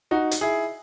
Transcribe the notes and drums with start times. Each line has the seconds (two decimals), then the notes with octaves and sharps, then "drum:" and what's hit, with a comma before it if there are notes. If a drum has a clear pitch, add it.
0.11 D#4 F#4
0.31 drum: hi-hat
0.41 E4 G#4